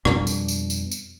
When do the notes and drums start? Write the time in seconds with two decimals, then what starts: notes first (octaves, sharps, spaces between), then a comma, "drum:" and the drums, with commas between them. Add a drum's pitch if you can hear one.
0.05 F2 B2 G3 D4, drum: rim click
0.27 drum: tambourine
0.48 drum: tambourine
0.70 drum: tambourine
0.91 drum: tambourine